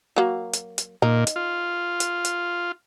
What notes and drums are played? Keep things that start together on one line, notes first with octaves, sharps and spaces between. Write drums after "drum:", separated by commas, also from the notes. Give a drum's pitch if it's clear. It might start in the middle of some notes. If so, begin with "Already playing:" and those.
F#3 A#3
drum: hi-hat
drum: hi-hat
A#2 D#4
drum: hi-hat
F4
drum: hi-hat
drum: hi-hat